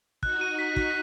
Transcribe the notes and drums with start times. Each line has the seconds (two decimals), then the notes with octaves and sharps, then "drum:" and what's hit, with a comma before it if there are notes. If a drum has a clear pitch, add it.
0.23 D#4 F#4 F#6, drum: kick
0.41 D#7
0.59 B6
0.76 B6, drum: kick